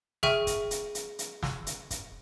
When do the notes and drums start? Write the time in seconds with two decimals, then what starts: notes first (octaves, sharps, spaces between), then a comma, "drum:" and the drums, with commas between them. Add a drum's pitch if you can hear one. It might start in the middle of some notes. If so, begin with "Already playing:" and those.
0.23 G#4 E5 G5 C#6 F6 D#7, drum: snare
0.47 drum: kick, hi-hat
0.71 drum: hi-hat
0.95 drum: hi-hat
1.19 drum: hi-hat
1.43 drum: snare
1.67 drum: hi-hat
1.91 drum: kick, hi-hat